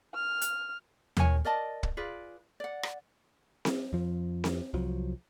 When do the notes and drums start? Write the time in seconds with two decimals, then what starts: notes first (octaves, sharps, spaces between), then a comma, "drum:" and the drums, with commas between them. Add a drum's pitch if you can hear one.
0.14 F6
0.41 drum: hi-hat
1.17 E4 A#4 C#5 G#5, drum: tom D#2
1.45 A#4 D5 D#5 A5
1.83 drum: kick
1.97 F4 G#4 B4 D5
2.60 D5 F#5
2.83 drum: rim click
3.65 drum: snare C4
3.93 F2 F3
4.44 drum: snare C4
4.74 C2 F3 F#3